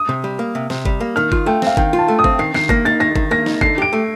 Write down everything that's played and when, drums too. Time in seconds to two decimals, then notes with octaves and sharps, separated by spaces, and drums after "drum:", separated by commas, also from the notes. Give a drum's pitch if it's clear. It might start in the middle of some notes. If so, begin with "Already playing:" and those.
Already playing: D#6
0.09 C3
0.24 G3
0.39 A#3
0.55 C3
0.70 C3, drum: snare
0.86 G3, drum: kick G1
1.00 A#3
1.16 D#3 F6
1.32 F4, drum: kick G1
1.46 A3 G5
1.62 C4 F5, drum: snare
1.77 D#3 G5, drum: kick G1
1.93 F4
1.98 A5
2.08 A3
2.19 D#6
2.24 C4, drum: kick G1
2.39 D#3 C7
2.54 D#3 C7, drum: snare
2.69 A#3 A#6, drum: kick G1
2.85 D#4 A6
3.00 D#3 A#6
3.16 D#3, drum: kick G1
3.31 A#3 A#6
3.46 D#4, drum: snare
3.61 D3 C7, drum: kick G1
3.78 G4 D7
3.93 A3